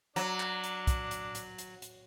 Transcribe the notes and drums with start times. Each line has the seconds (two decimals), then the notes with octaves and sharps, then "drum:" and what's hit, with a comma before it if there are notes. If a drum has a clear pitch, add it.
0.16 F#3 D4, drum: hi-hat
0.40 drum: clap
0.64 drum: hi-hat
0.87 drum: kick, hi-hat
1.11 drum: hi-hat
1.35 drum: hi-hat
1.58 drum: hi-hat
1.82 drum: hi-hat